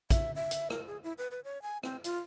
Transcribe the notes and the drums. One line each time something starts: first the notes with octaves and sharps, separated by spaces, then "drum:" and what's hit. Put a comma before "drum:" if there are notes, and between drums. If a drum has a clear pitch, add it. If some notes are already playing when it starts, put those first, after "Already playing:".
E5, drum: kick, hi-hat
E5
drum: hi-hat
A#4, drum: rim click
G#4
E4
B4
B4
C#5
G#5
C4, drum: rim click
F4, drum: hi-hat